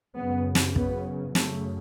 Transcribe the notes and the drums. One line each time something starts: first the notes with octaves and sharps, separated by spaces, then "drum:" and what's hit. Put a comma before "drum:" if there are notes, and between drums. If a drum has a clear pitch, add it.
F#2 C#3 B3
drum: snare
B3, drum: kick
F#2 C#3 A3, drum: snare